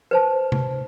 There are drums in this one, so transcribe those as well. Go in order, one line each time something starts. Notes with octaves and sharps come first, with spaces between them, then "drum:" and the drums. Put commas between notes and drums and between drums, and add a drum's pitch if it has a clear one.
B4 C5 A5
drum: tom C3